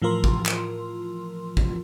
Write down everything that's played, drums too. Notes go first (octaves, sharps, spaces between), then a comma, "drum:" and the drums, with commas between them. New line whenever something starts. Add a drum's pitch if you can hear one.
A2 E3 F3 F4 A#4 C6
drum: kick
drum: clap
drum: kick